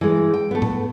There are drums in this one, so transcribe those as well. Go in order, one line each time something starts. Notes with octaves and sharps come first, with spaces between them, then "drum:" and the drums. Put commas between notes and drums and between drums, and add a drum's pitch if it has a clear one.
E3 G#3
G5
A3 B3
drum: tom A2